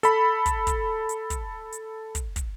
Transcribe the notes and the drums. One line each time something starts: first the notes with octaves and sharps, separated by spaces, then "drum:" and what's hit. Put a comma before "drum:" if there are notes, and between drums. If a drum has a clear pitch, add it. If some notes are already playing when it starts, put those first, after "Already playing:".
A4 B5, drum: hi-hat
drum: kick, hi-hat
drum: kick, hi-hat
drum: hi-hat
drum: kick, hi-hat
drum: hi-hat
drum: kick, hi-hat
drum: kick, hi-hat